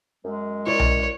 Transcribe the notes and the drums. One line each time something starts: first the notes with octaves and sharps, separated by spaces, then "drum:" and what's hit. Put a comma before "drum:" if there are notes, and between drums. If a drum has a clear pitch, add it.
F#2 G#3
E4 A#4 C#5 D5
drum: tom B1